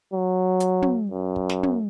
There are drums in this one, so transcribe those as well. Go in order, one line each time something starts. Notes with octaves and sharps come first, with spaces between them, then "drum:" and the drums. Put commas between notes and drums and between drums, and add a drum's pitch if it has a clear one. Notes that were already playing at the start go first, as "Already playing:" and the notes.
F#3
drum: hi-hat
drum: tom
F#2
drum: kick
drum: snare
drum: tom